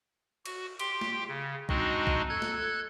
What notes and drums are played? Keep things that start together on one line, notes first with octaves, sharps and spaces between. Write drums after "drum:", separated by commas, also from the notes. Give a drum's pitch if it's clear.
F#4, drum: cymbal
G4 G5 C6, drum: cymbal
drum: snare
C#3
G#3 C4 D4 D#4 F#4 D#5, drum: kick
drum: kick
A4 F#6 G#6
drum: snare